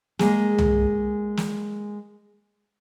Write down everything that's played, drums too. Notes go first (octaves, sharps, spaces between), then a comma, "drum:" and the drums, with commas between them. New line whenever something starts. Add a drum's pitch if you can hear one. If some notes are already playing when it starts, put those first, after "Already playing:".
G#3 A#3 G#4, drum: snare
drum: tom C2
drum: snare